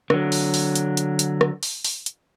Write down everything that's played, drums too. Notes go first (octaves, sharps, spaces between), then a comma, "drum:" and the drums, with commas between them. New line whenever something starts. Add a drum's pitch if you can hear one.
D3 F#3, drum: rim click
drum: open hi-hat
drum: open hi-hat
drum: hi-hat
drum: hi-hat
drum: hi-hat
drum: rim click
drum: open hi-hat
drum: open hi-hat
drum: hi-hat